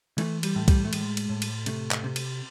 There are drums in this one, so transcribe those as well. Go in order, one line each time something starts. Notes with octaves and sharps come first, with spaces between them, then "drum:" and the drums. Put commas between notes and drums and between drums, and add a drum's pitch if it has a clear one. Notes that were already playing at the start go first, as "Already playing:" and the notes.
E3 A3, drum: cymbal
G3, drum: cymbal
A2
G3, drum: kick C2, cymbal
A3
A2 G#3, drum: cymbal
drum: cymbal
A2
drum: cymbal
C3 A3, drum: cymbal
drum: clap
C3
drum: cymbal